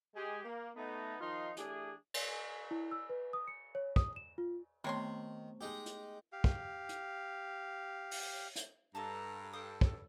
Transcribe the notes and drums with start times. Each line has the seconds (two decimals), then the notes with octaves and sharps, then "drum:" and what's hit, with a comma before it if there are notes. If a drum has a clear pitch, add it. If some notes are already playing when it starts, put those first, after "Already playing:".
0.15 G#3 G4 G#4
0.44 A#3
0.76 A3 B3 D#4
1.20 D#3 F3 D#4 F4 D#5 C6
1.57 E3 A3 D4 G4 G#4, drum: hi-hat
2.14 drum: cymbal
2.71 E4
2.91 E6
3.09 B4
3.33 D#6
3.48 C#7
3.75 C#5
3.96 D#6, drum: kick
4.16 E7
4.38 F4
4.84 C3 D#3 A3 B3 C#5 C6
5.61 G#3 D#4 G4
5.86 drum: hi-hat
6.32 G4 F5
6.44 drum: kick
6.89 drum: hi-hat
8.11 drum: open hi-hat
8.56 drum: hi-hat
8.95 G2 A4 D#5 F5 A5 A#5
9.53 A4 F5 G5 D#6
9.81 drum: kick